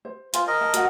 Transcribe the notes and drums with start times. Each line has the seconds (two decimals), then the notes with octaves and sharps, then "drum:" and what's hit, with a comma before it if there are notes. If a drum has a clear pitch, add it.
0.05 C5
0.34 F4 C5 G#5, drum: hi-hat
0.47 A#4 D#5
0.61 A5
0.74 F#4 F#5, drum: hi-hat